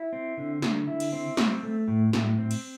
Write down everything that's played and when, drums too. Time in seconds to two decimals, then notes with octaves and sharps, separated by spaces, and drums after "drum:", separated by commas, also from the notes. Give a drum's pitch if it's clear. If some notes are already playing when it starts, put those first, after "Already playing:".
Already playing: E4
0.13 C4
0.37 D3
0.62 D3, drum: snare
0.87 E4
1.00 drum: cymbal
1.12 C4
1.37 C4, drum: snare
1.63 A3
1.88 A2
2.13 A2, drum: snare
2.38 C4
2.51 drum: cymbal